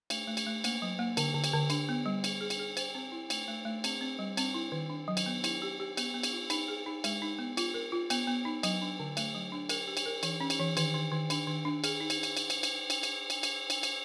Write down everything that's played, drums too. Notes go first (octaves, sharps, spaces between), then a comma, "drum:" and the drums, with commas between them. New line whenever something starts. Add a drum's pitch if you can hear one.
A3, drum: cymbal
A3
drum: cymbal
A3
A#3, drum: cymbal
F#3
A#3
D3, drum: cymbal
D3
drum: cymbal
D3
D4, drum: cymbal
B3
G3
G#4, drum: cymbal
G#4
drum: cymbal
G#4
C5, drum: cymbal
C4
E4
A3, drum: cymbal
A3
A3
C4, drum: cymbal
C4
G3
C4, drum: cymbal
E4
D#3
D4
F#3
drum: cymbal
B3
E4, drum: cymbal
G4
G4
B3, drum: cymbal
B3
drum: cymbal
F4
D#4, drum: cymbal
G#4
D#4
G#3, drum: cymbal
D#4
B3
F4, drum: cymbal
A#4
F4
B3, drum: cymbal
B3
D#4
F#3, drum: cymbal
D4
D3
A3, drum: cymbal
F#3
D4
A#4, drum: cymbal
G4
drum: cymbal
A#4
E3, drum: cymbal
C#4
drum: cymbal
E3
D#3, drum: cymbal
D#3
D#3
D4, drum: cymbal
D#3
D4
G#4, drum: cymbal
D#4
drum: cymbal
drum: cymbal
drum: cymbal
drum: cymbal
drum: cymbal
drum: cymbal
drum: cymbal
drum: cymbal
drum: cymbal
drum: cymbal
drum: cymbal